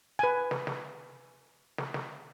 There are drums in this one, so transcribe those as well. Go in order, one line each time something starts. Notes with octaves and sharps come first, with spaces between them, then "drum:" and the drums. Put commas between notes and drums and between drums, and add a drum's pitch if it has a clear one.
B4 G#5
drum: snare
drum: snare
drum: snare
drum: snare